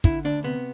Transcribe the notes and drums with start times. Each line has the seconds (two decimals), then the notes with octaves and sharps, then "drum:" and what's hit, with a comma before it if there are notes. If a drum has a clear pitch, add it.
0.04 D3 E4, drum: kick
0.25 D2 D4
0.44 C3 B3